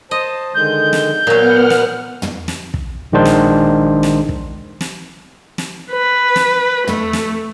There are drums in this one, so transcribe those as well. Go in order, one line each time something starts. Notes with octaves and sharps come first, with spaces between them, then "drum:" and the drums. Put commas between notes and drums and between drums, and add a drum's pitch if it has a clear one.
C5 D#5 A5
D3 D#3 G#3 G6
drum: snare
A#2 F#3 B3 F5 F#5 F6
drum: snare
drum: tom
drum: snare
drum: kick
A#1 D#3 G#3 D4 C5
drum: snare
drum: snare
drum: kick
drum: snare
drum: snare
B4
drum: snare
A3, drum: tom
drum: snare